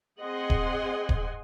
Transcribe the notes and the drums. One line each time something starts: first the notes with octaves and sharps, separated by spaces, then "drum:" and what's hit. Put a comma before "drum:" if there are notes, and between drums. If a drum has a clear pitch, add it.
C4 G#4 D#5 F#5 G#5 C6
drum: kick D#1
drum: kick D#1